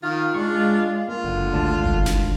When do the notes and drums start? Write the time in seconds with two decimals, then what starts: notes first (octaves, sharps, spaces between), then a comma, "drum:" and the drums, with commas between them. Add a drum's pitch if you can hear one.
0.03 D#3 F4
0.34 G#3 D4 C#6
1.08 A#3 F4
1.24 F#1 D3
1.53 G#1 D2 D4 A5
1.86 drum: kick F#1
2.06 drum: snare